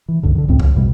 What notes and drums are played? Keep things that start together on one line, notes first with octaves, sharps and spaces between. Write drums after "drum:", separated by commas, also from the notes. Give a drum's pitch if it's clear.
E3
C2 F#2 D3
D3 D#3
C#2 F#2 A2 C4
C#2, drum: kick C2
A#1 F2 B2 G3